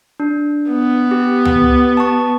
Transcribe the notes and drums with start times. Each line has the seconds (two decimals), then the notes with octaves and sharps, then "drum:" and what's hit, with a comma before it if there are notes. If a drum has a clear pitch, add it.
0.20 D4
0.70 B3
1.11 G4
1.45 drum: tom
1.97 A5 C#6